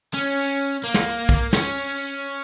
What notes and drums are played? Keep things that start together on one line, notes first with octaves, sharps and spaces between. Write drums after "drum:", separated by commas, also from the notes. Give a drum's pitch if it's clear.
C#4
A#3
drum: snare
drum: kick
C#4, drum: snare